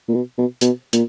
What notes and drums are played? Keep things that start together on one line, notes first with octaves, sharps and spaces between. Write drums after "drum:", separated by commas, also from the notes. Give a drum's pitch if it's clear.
A#2
B2
B2
B2, drum: hi-hat
A#2, drum: hi-hat